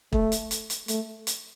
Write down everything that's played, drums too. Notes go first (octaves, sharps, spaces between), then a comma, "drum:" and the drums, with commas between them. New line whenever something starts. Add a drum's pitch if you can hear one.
A3, drum: kick
drum: hi-hat
drum: hi-hat
drum: hi-hat
A3, drum: hi-hat
drum: hi-hat